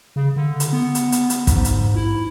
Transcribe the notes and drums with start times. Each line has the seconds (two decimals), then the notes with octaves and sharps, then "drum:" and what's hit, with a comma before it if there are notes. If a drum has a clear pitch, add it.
0.16 C#3
0.36 D3
0.60 drum: hi-hat
0.73 B3
0.95 drum: hi-hat
1.12 drum: hi-hat
1.30 drum: hi-hat
1.47 G#2, drum: kick, hi-hat
1.65 drum: hi-hat
1.96 E4